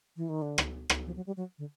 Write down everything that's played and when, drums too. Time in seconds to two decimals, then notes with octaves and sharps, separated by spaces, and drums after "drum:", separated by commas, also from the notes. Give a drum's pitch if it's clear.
0.16 E3
0.29 D#3
0.42 D3
0.58 drum: rim click
0.90 drum: rim click
1.06 F3
1.16 F#3
1.26 G3
1.37 F#3
1.58 D3